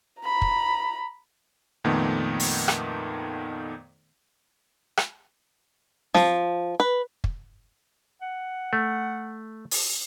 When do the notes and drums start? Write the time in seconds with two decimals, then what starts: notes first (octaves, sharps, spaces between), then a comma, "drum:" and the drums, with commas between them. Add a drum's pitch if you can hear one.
0.21 A#5 B5
0.42 drum: kick
1.84 F2 A#2 D#3 A3 B3
2.40 drum: open hi-hat
2.68 drum: rim click
4.97 drum: rim click
6.15 F3, drum: snare
6.80 B4
7.24 drum: kick
8.22 F#5
8.73 A3
9.71 drum: open hi-hat